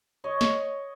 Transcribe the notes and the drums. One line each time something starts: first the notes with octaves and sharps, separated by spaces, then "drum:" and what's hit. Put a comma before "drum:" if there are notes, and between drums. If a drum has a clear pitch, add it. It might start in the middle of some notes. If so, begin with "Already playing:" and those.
C#5 D#5
drum: snare